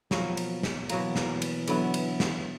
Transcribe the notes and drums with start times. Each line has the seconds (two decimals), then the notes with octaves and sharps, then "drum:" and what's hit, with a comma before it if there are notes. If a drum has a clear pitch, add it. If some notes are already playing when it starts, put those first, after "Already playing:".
0.11 B2 F3 F#3 A#3, drum: snare
0.37 drum: cymbal
0.63 drum: snare
0.89 B2 E3 F#3 A#3, drum: cymbal
1.16 drum: snare
1.42 drum: cymbal
1.67 D3 F#3 B3 E4, drum: cymbal
1.94 drum: cymbal
2.20 drum: snare